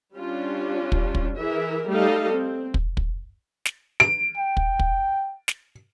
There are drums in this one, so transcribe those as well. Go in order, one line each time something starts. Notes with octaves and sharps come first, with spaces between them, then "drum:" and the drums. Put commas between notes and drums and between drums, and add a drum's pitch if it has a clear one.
G3 C#4 D4 F4
drum: kick
drum: kick
E3 G#4 A#4 E5
G3 A3 D#4 A4 D#5 F5
C4
drum: kick
drum: kick
drum: snare
D7
G5
drum: kick
drum: kick
drum: snare